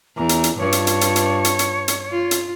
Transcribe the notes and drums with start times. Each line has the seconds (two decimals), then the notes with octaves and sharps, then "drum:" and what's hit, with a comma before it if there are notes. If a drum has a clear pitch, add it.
0.17 E2 A#5
0.29 drum: hi-hat
0.44 drum: hi-hat
0.58 G2 F4 C#5
0.72 drum: hi-hat
0.87 drum: hi-hat
1.01 drum: hi-hat
1.16 drum: hi-hat
1.45 drum: hi-hat
1.59 drum: hi-hat
1.88 drum: hi-hat
2.11 F4
2.31 drum: hi-hat